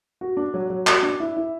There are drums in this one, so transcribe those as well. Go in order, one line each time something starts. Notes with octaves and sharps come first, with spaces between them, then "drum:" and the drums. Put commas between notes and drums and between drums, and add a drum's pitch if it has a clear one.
F#4
D4
F#3
F#3
F#4, drum: clap
D4
E4
E4